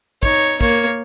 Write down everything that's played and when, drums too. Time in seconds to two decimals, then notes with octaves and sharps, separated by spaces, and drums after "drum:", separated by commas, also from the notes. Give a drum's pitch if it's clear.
0.23 D#4 C#5, drum: kick
0.61 A#3 C#5, drum: kick